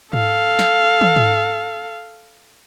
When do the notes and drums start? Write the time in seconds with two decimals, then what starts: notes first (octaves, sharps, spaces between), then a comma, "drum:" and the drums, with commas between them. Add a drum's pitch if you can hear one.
0.13 A4 F5, drum: tom G#2
0.59 drum: snare
1.01 drum: tom
1.16 drum: tom G#2